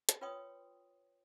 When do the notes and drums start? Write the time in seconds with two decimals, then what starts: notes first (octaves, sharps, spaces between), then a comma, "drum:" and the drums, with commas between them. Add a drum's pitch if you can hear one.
0.09 drum: hi-hat
0.21 F4 B4 C#5 G5 C6 D#6